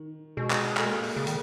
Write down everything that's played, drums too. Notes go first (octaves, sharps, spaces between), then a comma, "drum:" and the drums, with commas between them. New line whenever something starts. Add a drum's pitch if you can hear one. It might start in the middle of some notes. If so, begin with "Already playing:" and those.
Already playing: D#3
B2 G#3
drum: clap
A3, drum: clap
A#3
A3
drum: open hi-hat
C#3
D#3, drum: hi-hat